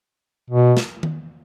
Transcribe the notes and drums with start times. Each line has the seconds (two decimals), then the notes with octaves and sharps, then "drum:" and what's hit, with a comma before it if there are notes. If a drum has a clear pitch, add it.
0.50 B2
0.77 drum: snare
1.03 drum: tom D#3